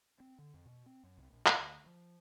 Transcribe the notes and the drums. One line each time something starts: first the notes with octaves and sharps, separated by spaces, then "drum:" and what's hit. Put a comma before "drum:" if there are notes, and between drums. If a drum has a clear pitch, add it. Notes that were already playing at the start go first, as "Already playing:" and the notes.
C4
D3
F2
B2
C4
F#2
C2
A#1
A2, drum: clap
D2
F3